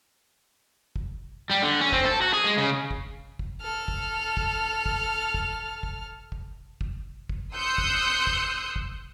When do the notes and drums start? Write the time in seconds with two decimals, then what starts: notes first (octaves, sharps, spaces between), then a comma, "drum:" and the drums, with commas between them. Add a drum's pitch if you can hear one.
0.96 drum: kick
1.50 G3
1.62 D3
1.81 C#4
1.92 C4, drum: kick
2.05 A4
2.22 F#4
2.34 G#4
2.46 G#3
2.58 C#3
2.91 drum: kick
3.39 drum: kick
3.61 A4 F6
3.88 drum: kick
4.37 drum: kick
4.86 drum: kick
5.34 drum: kick
5.83 drum: kick
6.32 drum: kick
6.81 drum: kick
7.29 drum: kick
7.55 C6 D#6 E6 F#6 G6 C#7
7.78 drum: kick
8.27 drum: kick
8.76 drum: kick